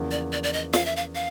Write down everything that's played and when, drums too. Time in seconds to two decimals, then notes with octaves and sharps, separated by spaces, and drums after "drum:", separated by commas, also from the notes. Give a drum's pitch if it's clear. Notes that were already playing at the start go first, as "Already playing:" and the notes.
Already playing: E2 C#3 F3 A#3
0.11 D5
0.32 D5
0.43 D5
0.53 D#5
0.73 F5, drum: snare
0.85 E5
0.96 F5
1.15 F5